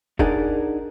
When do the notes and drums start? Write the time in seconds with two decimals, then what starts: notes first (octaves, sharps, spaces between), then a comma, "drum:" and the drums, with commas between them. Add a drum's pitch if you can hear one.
0.19 D4 D#4 G#4 A#4 D5 F#5, drum: kick F1